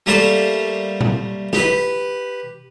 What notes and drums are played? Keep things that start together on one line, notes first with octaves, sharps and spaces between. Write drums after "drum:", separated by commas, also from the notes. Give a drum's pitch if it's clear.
G3 A3 A#3 G4 A4 C5
drum: tom A#2
G4 B4, drum: snare